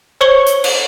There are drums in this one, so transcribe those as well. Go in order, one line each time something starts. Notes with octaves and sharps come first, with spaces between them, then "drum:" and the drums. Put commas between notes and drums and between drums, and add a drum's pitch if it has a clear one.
C5 C#5 C#6 C#7 F#7 G7
drum: hi-hat
drum: cymbal